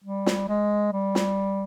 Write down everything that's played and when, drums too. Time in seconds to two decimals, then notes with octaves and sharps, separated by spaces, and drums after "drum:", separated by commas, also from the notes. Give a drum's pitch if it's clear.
0.04 G3
0.26 drum: snare
0.48 G#3
0.93 G3
1.15 drum: snare